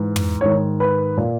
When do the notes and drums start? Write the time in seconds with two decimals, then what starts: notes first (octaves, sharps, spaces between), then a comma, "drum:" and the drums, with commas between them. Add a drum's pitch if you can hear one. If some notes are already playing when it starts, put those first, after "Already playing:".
Already playing: G#2 E3
0.16 drum: tom
0.41 G#2 D#3 C#5
0.80 B4
1.17 A#2